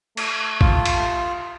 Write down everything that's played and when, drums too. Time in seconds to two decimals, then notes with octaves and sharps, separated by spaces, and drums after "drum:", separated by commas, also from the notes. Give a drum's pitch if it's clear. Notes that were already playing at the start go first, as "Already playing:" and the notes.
0.17 A3, drum: cymbal
0.61 F4, drum: kick A1
0.85 drum: cymbal